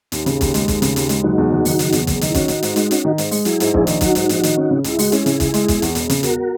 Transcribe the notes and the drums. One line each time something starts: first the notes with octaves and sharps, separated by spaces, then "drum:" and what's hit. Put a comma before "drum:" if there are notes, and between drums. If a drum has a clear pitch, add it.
D#2, drum: hi-hat
C#3, drum: hi-hat
D#2, drum: kick, hi-hat
G#3, drum: hi-hat
D#2, drum: kick, hi-hat
C#3, drum: hi-hat
D#2, drum: hi-hat
G#3, drum: hi-hat
F#1 D#4 F#4
E2
F#1
D#3, drum: open hi-hat
F#1, drum: hi-hat
E2, drum: hi-hat
F#1, drum: kick, hi-hat
D#3, drum: hi-hat
E4
C#4 D#4 F#4, drum: kick, hi-hat
D#3, drum: hi-hat
G#2, drum: hi-hat
G#3, drum: hi-hat
C#4, drum: hi-hat
D#3
G#2, drum: hi-hat
G#3, drum: open hi-hat
F#3 E4 G#4, drum: hi-hat
G#2, drum: hi-hat
A#1, drum: kick
D#3, drum: hi-hat
F#3 D#4 F#4, drum: kick, hi-hat
G#2, drum: hi-hat
A#1, drum: hi-hat
D#3, drum: hi-hat
C#4
C#3
C#2 E4, drum: hi-hat
G#3 F#4, drum: open hi-hat
C#4 E4 G#4, drum: hi-hat
C#3, drum: hi-hat
C#2, drum: kick, hi-hat
G#3, drum: hi-hat
E1, drum: kick, hi-hat
E2, drum: hi-hat
E1, drum: hi-hat
C#3, drum: hi-hat
E1 F#4 A#4, drum: hi-hat